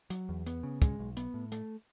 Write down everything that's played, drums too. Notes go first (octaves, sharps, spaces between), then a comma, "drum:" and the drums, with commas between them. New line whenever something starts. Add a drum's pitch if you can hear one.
F#3, drum: hi-hat
E2
B3, drum: hi-hat
C#3
G#3, drum: kick, hi-hat
B1
B3, drum: hi-hat
A2
A3, drum: hi-hat